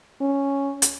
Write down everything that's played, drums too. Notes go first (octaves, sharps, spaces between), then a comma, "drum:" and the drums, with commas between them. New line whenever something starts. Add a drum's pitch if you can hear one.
C#4
drum: hi-hat